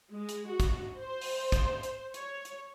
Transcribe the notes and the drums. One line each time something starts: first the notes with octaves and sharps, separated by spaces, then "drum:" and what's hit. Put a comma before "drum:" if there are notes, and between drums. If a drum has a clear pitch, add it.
G#3
drum: hi-hat
F#4
drum: kick, hi-hat
C5
drum: open hi-hat
drum: kick, hi-hat
drum: hi-hat
C#5, drum: hi-hat
drum: hi-hat